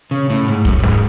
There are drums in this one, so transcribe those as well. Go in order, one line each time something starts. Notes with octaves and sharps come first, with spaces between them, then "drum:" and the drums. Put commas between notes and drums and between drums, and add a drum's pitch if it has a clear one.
C#3
A2
G#2
F#2, drum: kick
F#2
G#2, drum: snare